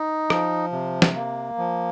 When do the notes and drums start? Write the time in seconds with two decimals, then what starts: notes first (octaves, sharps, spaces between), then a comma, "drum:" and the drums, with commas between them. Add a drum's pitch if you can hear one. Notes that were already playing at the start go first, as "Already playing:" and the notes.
Already playing: D#4
0.30 F3, drum: rim click
0.72 C3
1.02 drum: snare
1.15 A#3
1.58 F3